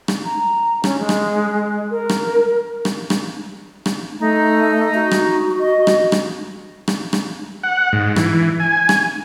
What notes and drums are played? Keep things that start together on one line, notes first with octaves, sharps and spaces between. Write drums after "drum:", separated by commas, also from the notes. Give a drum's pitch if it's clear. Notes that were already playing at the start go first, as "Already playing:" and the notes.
drum: rim click
A#5
C#4, drum: rim click
G#3
drum: rim click
A#4
drum: rim click
drum: rim click
drum: rim click
drum: rim click
A3 D#4
F#4
drum: rim click
D#5
drum: rim click
drum: rim click
drum: rim click
drum: rim click
F#5
G#2
E3, drum: rim click
G#5
drum: rim click